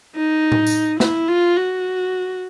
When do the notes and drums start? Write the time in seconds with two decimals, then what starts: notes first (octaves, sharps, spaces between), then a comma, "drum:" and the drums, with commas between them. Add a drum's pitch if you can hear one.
0.15 D#4
0.52 drum: tom A2
0.67 drum: tambourine
1.00 E4, drum: snare
1.28 F4
1.57 F#4